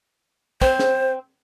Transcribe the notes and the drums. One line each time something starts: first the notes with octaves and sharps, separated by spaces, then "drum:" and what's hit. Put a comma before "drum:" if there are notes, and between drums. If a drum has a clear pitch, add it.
C4 C5, drum: kick
drum: snare